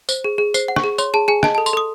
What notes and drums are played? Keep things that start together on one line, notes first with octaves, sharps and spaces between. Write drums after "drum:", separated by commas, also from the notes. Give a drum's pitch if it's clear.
C5, drum: tambourine
G#4
G#4
C5 C7, drum: tambourine
F#5
C#6, drum: rim click
G#4
C#5 C6, drum: tambourine
G#4 A5
G#4 G#5
D#5 A5, drum: rim click
A5
A4
C6, drum: tambourine
A4 D#6